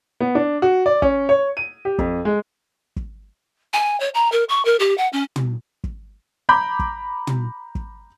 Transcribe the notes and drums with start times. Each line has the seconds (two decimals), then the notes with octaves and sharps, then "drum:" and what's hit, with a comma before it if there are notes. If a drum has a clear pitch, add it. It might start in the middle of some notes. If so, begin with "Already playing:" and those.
0.20 B3
0.35 D4
0.62 F#4
0.86 D5
1.02 C#4, drum: kick
1.29 C#5
1.57 D#7
1.85 G4
1.99 F2, drum: kick
2.25 G#3
2.96 drum: kick
3.73 G#5
4.00 C#5
4.14 A#5
4.31 A#4
4.49 C#6
4.65 A#4
4.79 G4
4.97 F#5
5.12 C#4
5.36 drum: tom
5.84 drum: kick
6.49 A#5 B5 D6 G6
6.79 drum: kick
7.27 drum: tom
7.75 drum: kick